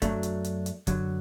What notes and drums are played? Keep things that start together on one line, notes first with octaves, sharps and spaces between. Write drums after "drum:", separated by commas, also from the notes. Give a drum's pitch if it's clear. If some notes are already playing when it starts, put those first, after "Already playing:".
F#2 F#3 A3 D4, drum: kick, hi-hat
drum: hi-hat
drum: hi-hat
drum: hi-hat
F#2 D3 F#3, drum: kick, hi-hat